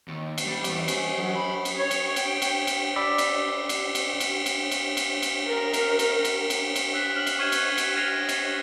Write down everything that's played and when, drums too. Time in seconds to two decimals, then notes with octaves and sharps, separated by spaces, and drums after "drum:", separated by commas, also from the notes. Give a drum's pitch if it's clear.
0.08 D#2
0.38 drum: cymbal
0.47 G3
0.64 E2, drum: cymbal
0.88 G#4, drum: cymbal
1.18 F#3
1.35 B5
1.65 drum: cymbal
1.77 C#5
1.91 drum: cymbal
2.16 G5, drum: cymbal
2.42 drum: cymbal
2.67 drum: cymbal
2.96 D5 B5 D6 E6 B6
3.18 drum: cymbal
3.69 drum: cymbal
3.95 drum: cymbal
4.20 drum: cymbal
4.46 drum: cymbal
4.71 drum: cymbal
4.97 drum: cymbal
5.22 drum: cymbal
5.47 A#4
5.73 drum: cymbal
5.99 drum: cymbal
6.25 drum: cymbal
6.50 drum: cymbal
6.76 drum: cymbal
6.94 E6 F#6 B6 C7 E7
7.16 F6 F#7
7.27 drum: cymbal
7.39 C#6 F6 F#6 G#6 D#7 E7
7.52 drum: cymbal
7.78 drum: cymbal
7.96 F6 G#6 A#6 C7 D#7 F7
8.29 drum: cymbal